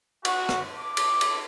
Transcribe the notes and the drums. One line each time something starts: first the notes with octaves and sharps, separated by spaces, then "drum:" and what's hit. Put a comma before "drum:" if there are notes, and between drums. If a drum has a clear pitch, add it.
F#4, drum: cymbal
drum: rim click
D6
drum: cymbal
drum: cymbal